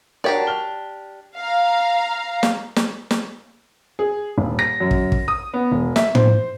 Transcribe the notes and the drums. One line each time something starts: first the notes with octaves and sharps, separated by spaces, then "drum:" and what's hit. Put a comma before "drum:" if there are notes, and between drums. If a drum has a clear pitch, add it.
D4 F#4 G4 A#4 C#5 D5
F6 G7
F5 A#5
drum: snare
drum: snare
drum: snare
G#4
D#1
A#6
F#2
drum: kick
drum: kick
D#6
B3
E1
E5, drum: snare
C5, drum: tom A2